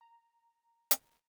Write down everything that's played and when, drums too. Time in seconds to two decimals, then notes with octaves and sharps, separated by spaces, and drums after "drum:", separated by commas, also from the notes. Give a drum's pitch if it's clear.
0.01 A#5
0.91 drum: hi-hat